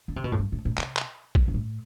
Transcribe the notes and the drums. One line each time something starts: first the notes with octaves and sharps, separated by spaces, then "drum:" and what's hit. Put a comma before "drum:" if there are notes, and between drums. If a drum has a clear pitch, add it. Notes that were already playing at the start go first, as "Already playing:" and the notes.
D3
C3
B2
A2
G2
A2
A2
C3, drum: clap
drum: clap
drum: kick
G2
A2